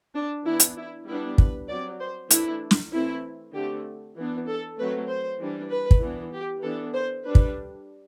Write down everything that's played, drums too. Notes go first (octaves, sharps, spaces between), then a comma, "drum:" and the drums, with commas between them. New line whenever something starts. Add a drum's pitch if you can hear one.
D4
E3 B3 D4 E4
drum: hi-hat
E4
G3 B3 D4 E4
B4, drum: kick
F#3 C4 D5
C5
E3 A3 D4 E4, drum: hi-hat
drum: snare
E3 A3 C4 E4
D3 A3 C4 G4
E3 B3 D4
A4
F#3 A3 C4 B4
C5
E3 G3 D4
B4
drum: kick
E3 B3 D4
G4
E3 B3 D4 A4
C5
G3 D4 B4
drum: kick